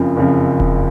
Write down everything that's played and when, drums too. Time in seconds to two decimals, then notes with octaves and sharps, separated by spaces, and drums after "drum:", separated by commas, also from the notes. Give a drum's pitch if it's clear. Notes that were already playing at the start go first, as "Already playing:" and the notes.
Already playing: F#1 F2 C#3 F3
0.17 F#1 F2 C#3 F3
0.60 drum: kick E1